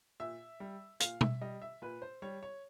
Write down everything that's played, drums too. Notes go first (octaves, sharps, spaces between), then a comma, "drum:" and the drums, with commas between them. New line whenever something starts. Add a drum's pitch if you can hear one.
A#2 E5
G3
A#2 F5, drum: hi-hat
E5, drum: tom B2
G3 D#5
E5
A#2 B4
C5
G3 C#5
C#5